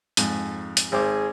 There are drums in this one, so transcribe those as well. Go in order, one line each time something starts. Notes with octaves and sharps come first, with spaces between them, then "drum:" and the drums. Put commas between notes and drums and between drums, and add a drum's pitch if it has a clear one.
F2 G#2, drum: hi-hat
drum: hi-hat
G#1 G#4 C5 D6